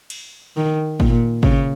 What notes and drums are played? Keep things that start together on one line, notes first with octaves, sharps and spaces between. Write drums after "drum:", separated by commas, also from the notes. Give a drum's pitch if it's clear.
drum: cymbal
D#3
A#2, drum: kick
C#3, drum: kick